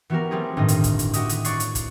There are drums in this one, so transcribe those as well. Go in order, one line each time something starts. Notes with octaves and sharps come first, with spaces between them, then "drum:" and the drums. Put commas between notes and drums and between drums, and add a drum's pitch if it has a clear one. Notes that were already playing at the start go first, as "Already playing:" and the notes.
E3 B3 F#4 G4 A#4
G3 A3 C4 G4 G#4
G1 A2 D#3 D#5
drum: hi-hat
drum: kick, hi-hat
drum: hi-hat
F#4 G4 D#5 E5 D#6, drum: hi-hat
drum: hi-hat
C#5 D5 C#6 F#6 C7, drum: hi-hat
drum: hi-hat
drum: kick, hi-hat